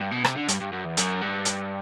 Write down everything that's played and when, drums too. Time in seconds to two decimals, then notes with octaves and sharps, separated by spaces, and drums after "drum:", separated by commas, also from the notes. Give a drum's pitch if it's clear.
0.01 G2
0.12 B2
0.25 C3, drum: rim click
0.36 D3
0.48 G2, drum: hi-hat
0.61 G2
0.73 F#2
0.85 E2
0.97 F#2, drum: hi-hat
1.21 G2
1.45 drum: hi-hat